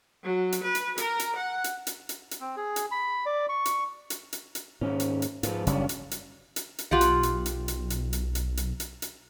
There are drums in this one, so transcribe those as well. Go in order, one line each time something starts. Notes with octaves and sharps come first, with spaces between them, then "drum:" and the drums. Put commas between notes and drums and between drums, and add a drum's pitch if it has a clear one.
F#3
drum: hi-hat
B4
drum: hi-hat
A#4, drum: hi-hat
drum: hi-hat
F#5
drum: hi-hat
drum: hi-hat
drum: hi-hat
drum: hi-hat
C4
G#4
drum: hi-hat
B5
D5
C#6
drum: hi-hat
drum: hi-hat
drum: hi-hat
drum: hi-hat
D#2 G#2 C#4
drum: hi-hat
drum: hi-hat
G#2 F3 B3 F4, drum: hi-hat
F#1 C#3 G3 C#4 D4, drum: hi-hat
drum: hi-hat
drum: hi-hat
drum: hi-hat
drum: hi-hat
B1 F4 G4 F#5
drum: hi-hat
drum: hi-hat
drum: hi-hat
drum: hi-hat
drum: hi-hat
drum: hi-hat
drum: hi-hat
drum: hi-hat
drum: hi-hat
drum: hi-hat